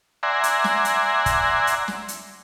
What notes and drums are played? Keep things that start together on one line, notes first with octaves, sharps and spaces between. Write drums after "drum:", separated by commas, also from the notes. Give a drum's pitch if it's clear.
D5 E5 F#5 G#5 A#5 C6
drum: hi-hat
drum: snare
drum: hi-hat
drum: kick, hi-hat
drum: hi-hat
drum: snare
drum: hi-hat